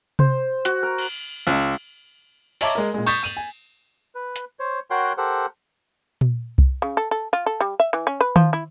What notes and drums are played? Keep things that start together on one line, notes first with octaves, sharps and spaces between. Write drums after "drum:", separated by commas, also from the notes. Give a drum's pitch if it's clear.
C5, drum: tom C3
F#4, drum: hi-hat
A#4
drum: cymbal
C#2
C#5 D#5 E5 A5 A#5 D6, drum: open hi-hat
G#3 A#4
A#2 G#3
C#6 D#6 G6 A6 B6, drum: cymbal
G6 D#7 F7 F#7
G#5
B4
drum: hi-hat
C5 C#5
F#4 A#4 C#5 F#5 G5 C6
G4 A4 A#4 C5 F#5
drum: tom A#2
drum: kick C2
C#3
A4
A4
F4
A4
G3
E5
E3
C#4
B4
F3, drum: tom D#3
E4